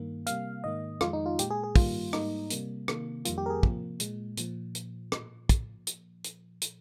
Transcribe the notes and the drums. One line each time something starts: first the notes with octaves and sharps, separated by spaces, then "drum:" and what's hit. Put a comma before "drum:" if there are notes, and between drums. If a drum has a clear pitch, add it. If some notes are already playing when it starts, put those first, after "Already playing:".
Already playing: G2 D#3 A#3
C3 G3 A#3 F5, drum: hi-hat
G#2 D#3 A#3 D#5
F2 D#3 G#3 F4, drum: rim click
D#4
F4
A#2 G#3 G4, drum: hi-hat
G#4
G#4
G2 D#3 G3 A#3 F4, drum: kick, open hi-hat
G#2 G3 A#3 D#4, drum: rim click
C3 G3 A#3, drum: hi-hat
C3 D#3 A#3, drum: rim click
F2 D#3 G3 A#3 F4, drum: hi-hat
G4
A#4
G#4
C3 F3 A#3, drum: kick
A#2 G#3, drum: hi-hat
A#2 F3, drum: hi-hat
drum: hi-hat
drum: rim click
drum: kick, hi-hat
drum: hi-hat
drum: hi-hat
drum: hi-hat